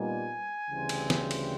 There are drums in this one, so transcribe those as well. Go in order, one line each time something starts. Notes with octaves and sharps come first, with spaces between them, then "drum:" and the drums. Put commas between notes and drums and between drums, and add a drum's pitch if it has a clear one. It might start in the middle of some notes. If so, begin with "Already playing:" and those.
Already playing: A#2 G3 B3 D#4 G#5
D2 C#3 E3 G3 C4
drum: cymbal
drum: snare
drum: cymbal